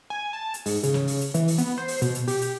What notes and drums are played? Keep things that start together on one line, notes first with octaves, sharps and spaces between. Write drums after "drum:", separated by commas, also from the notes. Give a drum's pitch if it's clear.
G#5
A5
drum: hi-hat
G#2, drum: open hi-hat
C#3, drum: hi-hat
drum: snare
drum: open hi-hat
drum: hi-hat
E3, drum: hi-hat
drum: open hi-hat
B3, drum: hi-hat
C5
drum: open hi-hat
B2, drum: hi-hat
drum: hi-hat
G4, drum: open hi-hat
drum: hi-hat